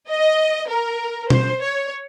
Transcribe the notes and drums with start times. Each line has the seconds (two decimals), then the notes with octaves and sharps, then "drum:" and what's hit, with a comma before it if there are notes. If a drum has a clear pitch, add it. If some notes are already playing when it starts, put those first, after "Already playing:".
0.08 D#5
0.69 A#4
1.30 C5, drum: tom B2
1.62 C#5